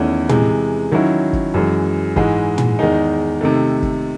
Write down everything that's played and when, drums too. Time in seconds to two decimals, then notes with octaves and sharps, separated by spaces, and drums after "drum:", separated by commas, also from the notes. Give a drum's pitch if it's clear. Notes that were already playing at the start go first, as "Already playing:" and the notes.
Already playing: E2 D#3 A3 C#4 E4
0.29 C3 E3 G#3, drum: tom
0.92 D#3 F#3 C#4 E4
1.33 drum: kick
1.54 F#2 E3 G#3
2.16 G#2 E3 G#3, drum: kick
2.58 drum: tom
2.79 E2 D#3 G#3 D#4
3.41 C3 D#3 A3
3.82 drum: kick